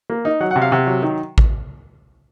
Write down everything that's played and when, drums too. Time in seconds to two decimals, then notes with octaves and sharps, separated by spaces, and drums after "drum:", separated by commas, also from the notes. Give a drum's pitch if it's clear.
0.10 A#3
0.25 D#4
0.41 F#3 F#5
0.51 F#5
0.56 C3
0.62 F5
0.71 C3 F#5
0.87 F#3
1.02 D#3
1.38 drum: kick A1